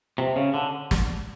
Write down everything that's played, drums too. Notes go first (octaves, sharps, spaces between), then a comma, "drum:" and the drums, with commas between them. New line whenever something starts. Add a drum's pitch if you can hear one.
C3
C#3
D3
drum: snare